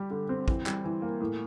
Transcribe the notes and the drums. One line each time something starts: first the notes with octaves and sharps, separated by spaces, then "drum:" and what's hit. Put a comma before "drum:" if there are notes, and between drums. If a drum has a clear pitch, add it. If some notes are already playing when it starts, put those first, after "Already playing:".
Already playing: G3 G4
D3
C4
E3, drum: kick
G3, drum: clap
E3
A#3
A2